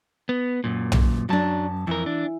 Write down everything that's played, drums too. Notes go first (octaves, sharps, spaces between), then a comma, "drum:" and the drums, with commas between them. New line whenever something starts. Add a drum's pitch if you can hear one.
B3
F#2 A#2
drum: tom
F#2 F#3 D4 A5
F2 E3 A#4
D4